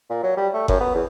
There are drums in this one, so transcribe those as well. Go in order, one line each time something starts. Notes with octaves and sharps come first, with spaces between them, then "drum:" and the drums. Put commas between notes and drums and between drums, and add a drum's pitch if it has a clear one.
A#2
F#3
G3
A3
F#2, drum: kick F#1
B3
E2